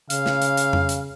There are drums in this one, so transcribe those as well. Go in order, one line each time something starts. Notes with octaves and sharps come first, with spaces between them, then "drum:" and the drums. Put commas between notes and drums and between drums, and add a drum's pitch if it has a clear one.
C#3 F5, drum: hi-hat
drum: snare
drum: hi-hat
drum: hi-hat
drum: tom F2
drum: hi-hat